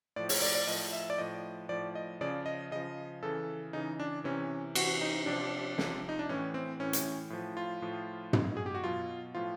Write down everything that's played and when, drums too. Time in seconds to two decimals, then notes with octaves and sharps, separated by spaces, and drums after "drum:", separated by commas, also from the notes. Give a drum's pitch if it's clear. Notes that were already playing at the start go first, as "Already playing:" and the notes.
0.16 A2 F3 D5
0.29 C#5, drum: open hi-hat
0.42 D5
0.55 D5
0.67 A2 F3 D#5
0.93 E5
1.10 D5
1.18 A2 F3 D#5
1.69 A2 F3 D5
1.95 D#5
2.21 C#3 F3 D5
2.46 D#5
2.71 C#3 F3 D#5
3.23 C#3 E3 A4
3.73 C#3 E3 D#4
4.00 D4
4.24 C3 E3 C#4
4.75 C3 E3 F#4, drum: cymbal
5.01 D#4
5.26 C3 F3 D4
5.78 C3 F3, drum: snare
6.09 D#4
6.19 D4
6.29 A2 E3 C#4
6.54 C4
6.80 A2 E3 C#4
6.93 drum: hi-hat
7.30 A2 F3
7.57 F4
7.82 A2 F3
8.33 B2 F#3, drum: tom
8.57 G#4
8.66 G4
8.75 F#4
8.84 B2 F#3 F4
9.35 A2 F3 F4